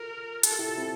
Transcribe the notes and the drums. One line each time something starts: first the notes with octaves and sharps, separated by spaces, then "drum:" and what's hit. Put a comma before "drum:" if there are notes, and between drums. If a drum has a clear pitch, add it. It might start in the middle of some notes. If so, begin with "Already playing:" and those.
Already playing: F4 A4 A#4
G4 A4, drum: hi-hat
F4
E4 G4
C4 E4